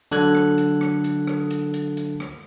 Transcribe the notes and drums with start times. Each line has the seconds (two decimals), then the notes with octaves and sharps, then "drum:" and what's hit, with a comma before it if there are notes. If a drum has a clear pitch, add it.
0.11 D3 F#3 A4 F#6 G#6, drum: hi-hat
0.35 drum: rim click
0.58 drum: hi-hat
0.81 drum: rim click
1.04 drum: hi-hat
1.27 drum: rim click
1.51 drum: hi-hat
1.74 drum: hi-hat
1.97 drum: hi-hat
2.20 drum: rim click